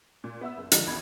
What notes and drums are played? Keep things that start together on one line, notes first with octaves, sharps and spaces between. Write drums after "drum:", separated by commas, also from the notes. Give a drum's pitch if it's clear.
A#2
B3 E5 E6
F#1
D3 D#3 F3 G#3 D4 D#4, drum: hi-hat
A#1 E2 B5 G#6